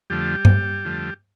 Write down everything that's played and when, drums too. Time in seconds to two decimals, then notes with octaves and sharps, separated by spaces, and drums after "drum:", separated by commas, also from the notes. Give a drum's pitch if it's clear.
0.10 F2 D3 F3 G3 A3 G4
0.45 drum: tom G2
0.85 F2 D3 F3 A3